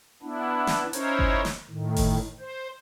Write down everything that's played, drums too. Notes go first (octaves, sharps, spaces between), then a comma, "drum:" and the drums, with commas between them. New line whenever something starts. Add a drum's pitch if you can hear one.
B3 D4 E4
drum: snare
C#4 D#4 E4 A#4 C5 C#5, drum: hi-hat
drum: kick G1
drum: snare
A2 D#3
drum: kick G1, open hi-hat
C5